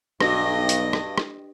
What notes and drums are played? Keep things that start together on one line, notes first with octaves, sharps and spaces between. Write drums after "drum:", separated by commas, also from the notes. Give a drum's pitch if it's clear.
B1 G2 F#4 D#5 A#6, drum: rim click
drum: hi-hat
drum: rim click
drum: rim click